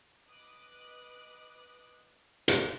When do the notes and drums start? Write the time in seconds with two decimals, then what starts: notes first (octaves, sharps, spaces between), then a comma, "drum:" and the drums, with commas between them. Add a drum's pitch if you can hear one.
0.29 B4 D#5 D6 D#6 F#6
2.48 drum: hi-hat